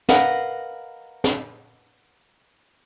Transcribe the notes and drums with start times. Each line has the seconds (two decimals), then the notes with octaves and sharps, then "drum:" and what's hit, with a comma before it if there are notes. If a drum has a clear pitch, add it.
0.09 A#4 B4 D#5 F5 F#5, drum: snare
1.24 drum: snare